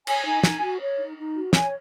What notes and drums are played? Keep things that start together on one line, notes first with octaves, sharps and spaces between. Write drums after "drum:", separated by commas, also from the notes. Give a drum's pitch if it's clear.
C#5 G#5, drum: cymbal
D#4
D#4, drum: snare
F#4
C#5
D#4
D#4
F#4
C#5 G#5, drum: snare